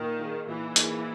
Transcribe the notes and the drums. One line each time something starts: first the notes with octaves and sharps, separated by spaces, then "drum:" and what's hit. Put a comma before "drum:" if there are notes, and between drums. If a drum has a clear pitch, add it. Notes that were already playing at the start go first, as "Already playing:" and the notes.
Already playing: A#2 D#3
A#3 D#4 G#4
A#2 E3
A#3 D#4 G#4, drum: hi-hat